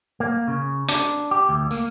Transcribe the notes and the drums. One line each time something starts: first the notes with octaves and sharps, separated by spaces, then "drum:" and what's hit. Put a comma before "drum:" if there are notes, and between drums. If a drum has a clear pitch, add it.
A#3
C#3
D4, drum: hi-hat
G4
D2
A#3, drum: tambourine